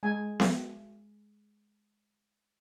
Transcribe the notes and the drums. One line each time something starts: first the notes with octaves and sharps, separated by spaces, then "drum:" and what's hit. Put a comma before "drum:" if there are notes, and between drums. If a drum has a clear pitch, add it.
G#3 G#5
drum: snare B3